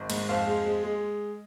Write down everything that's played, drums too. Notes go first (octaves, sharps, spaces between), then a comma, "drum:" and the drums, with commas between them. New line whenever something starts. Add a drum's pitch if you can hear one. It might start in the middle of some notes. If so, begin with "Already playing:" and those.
Already playing: G#1
G#2, drum: cymbal
F2 C5 F5
G#3
G#3
G#3